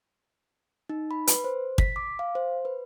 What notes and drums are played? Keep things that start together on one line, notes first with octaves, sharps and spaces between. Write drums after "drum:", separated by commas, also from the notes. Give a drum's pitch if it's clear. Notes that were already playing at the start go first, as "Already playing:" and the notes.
D#4
B5
B4, drum: hi-hat
C5
B6, drum: kick
D6
F5
C5
B4